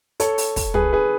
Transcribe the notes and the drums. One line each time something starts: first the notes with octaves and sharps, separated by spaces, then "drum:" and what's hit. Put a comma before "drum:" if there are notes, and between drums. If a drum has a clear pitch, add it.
A4 C#5, drum: hi-hat
drum: open hi-hat
drum: kick, open hi-hat
G#4 B4, drum: tom
G#4 B4